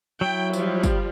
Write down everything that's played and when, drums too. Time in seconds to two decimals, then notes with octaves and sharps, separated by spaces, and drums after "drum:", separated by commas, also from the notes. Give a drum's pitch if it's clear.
0.21 F#3 E4 G5
0.53 F3 G3, drum: tambourine
0.83 drum: kick, tambourine